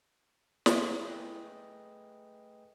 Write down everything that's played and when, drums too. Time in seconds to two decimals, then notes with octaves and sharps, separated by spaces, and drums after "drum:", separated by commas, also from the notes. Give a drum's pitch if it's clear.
0.66 drum: snare
1.05 A3 G#4 B4 D#5 G5